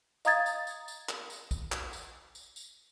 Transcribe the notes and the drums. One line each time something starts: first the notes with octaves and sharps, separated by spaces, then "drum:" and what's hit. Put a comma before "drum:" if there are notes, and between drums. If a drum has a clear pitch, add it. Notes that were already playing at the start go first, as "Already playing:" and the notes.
D#5 F5 A#5 D#6 G#6 A6, drum: tambourine
drum: tambourine
drum: tambourine
drum: tambourine
drum: clap
drum: tambourine
drum: kick, tambourine
drum: clap
drum: tambourine
drum: tambourine
drum: tambourine